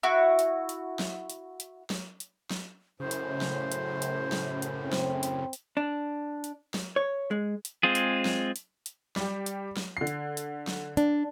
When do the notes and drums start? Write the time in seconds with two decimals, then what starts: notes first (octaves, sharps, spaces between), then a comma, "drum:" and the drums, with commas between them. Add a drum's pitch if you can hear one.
0.03 E4 F#4
0.39 drum: hi-hat
0.69 drum: hi-hat
0.99 drum: snare
1.30 drum: hi-hat
1.60 drum: hi-hat
1.90 drum: snare
2.20 drum: hi-hat
2.51 drum: snare
3.00 F#2 A2 C#3 C5
3.11 drum: hi-hat
3.41 drum: snare
3.72 drum: hi-hat
4.02 drum: hi-hat
4.32 drum: snare
4.62 drum: hi-hat
4.83 C4
4.93 drum: snare
5.23 drum: hi-hat
5.53 drum: hi-hat
5.77 D4
6.44 drum: hi-hat
6.74 drum: snare
6.96 C#5
7.31 G#3
7.65 drum: hi-hat
7.83 G#3 C4 F4 G#4
7.95 drum: hi-hat
8.25 drum: snare
8.56 drum: hi-hat
8.86 drum: hi-hat
9.16 G3 G4, drum: snare
9.46 drum: hi-hat
9.77 drum: snare
9.97 D3 C7
10.07 drum: hi-hat
10.37 drum: hi-hat
10.67 drum: snare
10.97 D4, drum: hi-hat